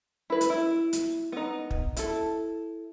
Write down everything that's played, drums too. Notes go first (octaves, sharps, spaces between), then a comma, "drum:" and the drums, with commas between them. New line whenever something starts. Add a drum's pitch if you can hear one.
E4 B4
drum: hi-hat
E4
drum: hi-hat
B3 D#4
drum: kick
E4 A4, drum: hi-hat